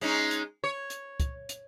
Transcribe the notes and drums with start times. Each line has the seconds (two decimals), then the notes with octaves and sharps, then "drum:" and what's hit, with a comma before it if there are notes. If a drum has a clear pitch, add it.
0.01 G#3 C#4 D#4, drum: open hi-hat
0.31 drum: hi-hat
0.64 C#5
0.90 drum: hi-hat
1.20 drum: kick, hi-hat
1.49 drum: hi-hat